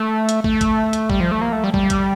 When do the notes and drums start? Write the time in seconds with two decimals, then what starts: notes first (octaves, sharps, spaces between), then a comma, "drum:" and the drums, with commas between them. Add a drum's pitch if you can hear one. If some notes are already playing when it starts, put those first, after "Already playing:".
Already playing: A3
0.29 drum: hi-hat
0.44 A3, drum: kick
0.61 drum: kick, hi-hat
0.93 drum: hi-hat
1.10 G3, drum: kick
1.20 F3
1.31 A3
1.41 A#3
1.52 A3
1.64 G3
1.74 G3, drum: kick
1.90 drum: kick, hi-hat